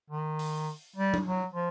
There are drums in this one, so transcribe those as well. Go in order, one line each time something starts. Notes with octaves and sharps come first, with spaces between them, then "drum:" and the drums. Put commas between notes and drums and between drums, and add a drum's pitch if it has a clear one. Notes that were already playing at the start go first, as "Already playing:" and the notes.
D#3
drum: open hi-hat
G3
drum: tom F#3
F#3
F3